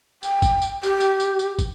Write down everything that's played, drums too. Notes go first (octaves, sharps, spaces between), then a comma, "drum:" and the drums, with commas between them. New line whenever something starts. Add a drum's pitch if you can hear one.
G5, drum: tambourine
drum: kick, tambourine
drum: tambourine
G4, drum: tambourine
drum: tambourine
drum: tambourine
drum: tambourine
drum: kick, tambourine